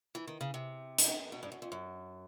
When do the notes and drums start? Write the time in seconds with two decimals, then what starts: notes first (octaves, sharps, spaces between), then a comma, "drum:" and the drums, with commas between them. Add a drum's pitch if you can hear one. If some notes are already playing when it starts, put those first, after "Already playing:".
0.15 E3
0.27 D#3
0.41 C#3
0.54 C3
0.98 drum: hi-hat
1.32 B2
1.43 G2
1.52 F#2
1.62 F2
1.72 F#2